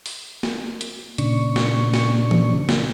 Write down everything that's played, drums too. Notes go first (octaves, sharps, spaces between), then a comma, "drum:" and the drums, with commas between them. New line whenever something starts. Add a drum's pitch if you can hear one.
drum: open hi-hat
drum: snare
drum: hi-hat
A#2 C#3 D4 C#6, drum: hi-hat
drum: snare
drum: snare
drum: tom E3
drum: snare